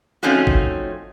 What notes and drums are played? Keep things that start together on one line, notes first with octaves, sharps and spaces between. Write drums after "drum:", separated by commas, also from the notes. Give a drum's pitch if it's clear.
F3 A3 C4 C#4 D#4 F#4
drum: kick G#1